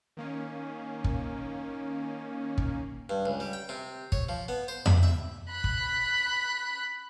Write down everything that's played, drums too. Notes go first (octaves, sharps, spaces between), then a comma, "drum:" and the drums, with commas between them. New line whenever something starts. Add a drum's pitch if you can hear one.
D#3 A#3 C#4
drum: kick
drum: kick
G2
C#2
G3
G5
C3
C#5, drum: kick
F3
B3
C5
B5, drum: tom F2
E5
B5 F#6
drum: kick